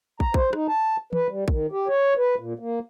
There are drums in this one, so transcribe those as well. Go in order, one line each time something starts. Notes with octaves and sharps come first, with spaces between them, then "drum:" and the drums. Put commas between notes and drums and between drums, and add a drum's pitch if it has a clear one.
A#5, drum: kick
C5, drum: kick
D#4, drum: rim click
A5
B4, drum: tom E3
G3
D#3, drum: kick
G4
C#5
B4
A#2
A#3